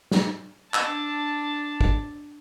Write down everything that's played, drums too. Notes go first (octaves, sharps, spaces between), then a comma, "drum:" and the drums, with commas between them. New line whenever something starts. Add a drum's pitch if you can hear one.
drum: snare
D4 A5 E6, drum: clap
drum: kick